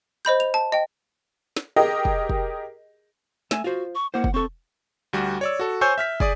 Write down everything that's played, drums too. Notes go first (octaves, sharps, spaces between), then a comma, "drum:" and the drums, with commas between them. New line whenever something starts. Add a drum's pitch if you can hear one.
C5 D#5 B5 G6
F7
A5
D#5 G5
drum: snare
G4 G#4 A#4 D#5
drum: kick
drum: kick
A3 E5 G#5, drum: snare
F4 F#4 C5
C#6
A#3 E4 C5 F#5
drum: kick
C4 A4 C#6
D2 G3 F#4
C#5 D5 E6
F#4 A4
C5 C#5 G#5 C#6 E6 G6
E5 F6 B6
G#4 D5 D#6, drum: kick